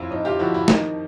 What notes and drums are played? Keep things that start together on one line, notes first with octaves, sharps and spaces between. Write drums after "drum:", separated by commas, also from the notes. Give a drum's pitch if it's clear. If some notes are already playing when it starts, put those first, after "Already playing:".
Already playing: F2 E4 F4
F2 D#4
F4 G4
F3 E4 F#4
E4
D#3 D#4, drum: snare